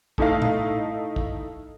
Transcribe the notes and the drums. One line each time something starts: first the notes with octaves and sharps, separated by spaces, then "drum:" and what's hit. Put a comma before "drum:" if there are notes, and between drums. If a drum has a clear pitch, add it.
A3 D#4 E4 A4 D#5 F5, drum: kick
drum: tom A2
drum: kick